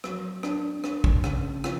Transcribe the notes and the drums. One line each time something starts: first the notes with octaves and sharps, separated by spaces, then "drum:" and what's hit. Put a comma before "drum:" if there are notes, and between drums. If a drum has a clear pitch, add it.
F#3, drum: rim click
D4, drum: rim click
D4, drum: rim click
drum: kick
C#3, drum: rim click
F3, drum: rim click